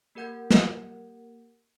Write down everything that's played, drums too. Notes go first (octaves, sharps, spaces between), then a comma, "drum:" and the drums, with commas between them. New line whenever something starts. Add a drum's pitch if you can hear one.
A#3 G4 A#4 F#5 G6 G#6
drum: snare